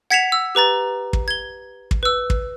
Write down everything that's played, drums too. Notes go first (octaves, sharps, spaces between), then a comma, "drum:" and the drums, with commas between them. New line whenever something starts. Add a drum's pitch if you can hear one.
F#5 G#6 B6 C#7 E7 F7
E6
G4 B4 A#5 A6
drum: kick
G#6 G7
drum: kick
B4 E6
drum: kick